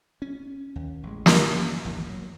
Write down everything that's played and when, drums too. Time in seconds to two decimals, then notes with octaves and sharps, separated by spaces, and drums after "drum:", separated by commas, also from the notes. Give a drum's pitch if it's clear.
0.22 C#4
0.76 D#2
1.03 A1 G#3
1.26 drum: snare
1.45 G2
1.85 G#1 E2 A#2 D#3
2.09 F#3